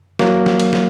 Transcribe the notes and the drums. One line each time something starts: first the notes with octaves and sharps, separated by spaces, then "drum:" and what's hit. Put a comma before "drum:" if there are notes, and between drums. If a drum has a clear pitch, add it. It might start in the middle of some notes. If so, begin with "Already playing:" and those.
F#3 A#3, drum: snare
drum: snare
drum: cymbal
drum: snare